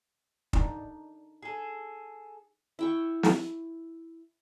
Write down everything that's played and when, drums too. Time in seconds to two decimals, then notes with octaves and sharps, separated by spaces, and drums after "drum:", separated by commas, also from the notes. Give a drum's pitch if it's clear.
0.53 D4 D#4, drum: kick
1.43 G#4 A4
2.79 E4 G5 C#6
3.23 drum: snare